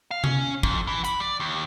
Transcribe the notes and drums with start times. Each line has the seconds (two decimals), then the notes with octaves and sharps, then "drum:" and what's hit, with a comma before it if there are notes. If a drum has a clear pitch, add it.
0.11 F5
0.24 C#4, drum: tom C3
0.63 F2, drum: kick
0.87 E3
1.05 B5, drum: hi-hat
1.20 D5
1.40 D#2